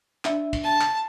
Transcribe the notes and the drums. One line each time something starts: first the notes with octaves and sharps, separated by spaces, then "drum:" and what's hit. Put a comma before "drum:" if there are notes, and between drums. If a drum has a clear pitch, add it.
D4 E5, drum: clap
drum: kick, cymbal
A5
drum: clap